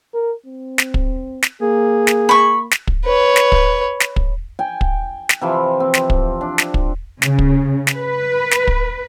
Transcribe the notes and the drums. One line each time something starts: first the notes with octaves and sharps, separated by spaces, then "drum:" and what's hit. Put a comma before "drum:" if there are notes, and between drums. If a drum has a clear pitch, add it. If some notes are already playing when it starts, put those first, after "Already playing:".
A#4
C4
drum: snare
drum: kick
drum: snare
A#3 G#4
drum: snare
B5 C#6
drum: snare
drum: kick
B4 C#5
drum: snare
drum: kick
drum: snare
drum: kick
G5 G#5
drum: kick
drum: snare
C3 E3 F3
C4
drum: snare
drum: kick
D4
drum: snare
drum: kick
C#3, drum: snare
drum: kick
drum: snare
B4
drum: snare
drum: kick